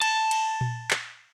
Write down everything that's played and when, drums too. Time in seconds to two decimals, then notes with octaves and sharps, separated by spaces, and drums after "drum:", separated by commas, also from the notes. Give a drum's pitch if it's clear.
0.02 A5, drum: cymbal
0.31 drum: cymbal
0.61 drum: tom A#2
0.91 drum: clap